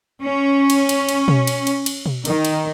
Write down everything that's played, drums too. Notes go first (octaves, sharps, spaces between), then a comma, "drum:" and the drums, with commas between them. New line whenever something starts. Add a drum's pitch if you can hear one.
C#4
drum: cymbal
drum: cymbal
drum: cymbal
drum: tom B2
drum: cymbal
drum: cymbal
drum: cymbal
drum: tom B2
D#3, drum: cymbal
drum: cymbal